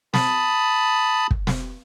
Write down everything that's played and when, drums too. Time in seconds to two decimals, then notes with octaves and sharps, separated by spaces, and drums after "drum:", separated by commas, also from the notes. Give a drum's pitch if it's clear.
0.14 A5 B5 D#6, drum: snare
1.31 drum: kick
1.47 drum: snare